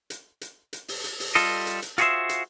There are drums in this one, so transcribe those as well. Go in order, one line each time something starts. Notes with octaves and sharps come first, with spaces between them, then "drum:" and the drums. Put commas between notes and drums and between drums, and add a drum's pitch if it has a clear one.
drum: hi-hat
drum: hi-hat
drum: hi-hat
drum: open hi-hat
drum: hi-hat
drum: open hi-hat
G3 F4 A4 D#5, drum: hi-hat
drum: hi-hat
drum: hi-hat
F4 F#4 G#4 B4 C5 E5, drum: hi-hat
drum: hi-hat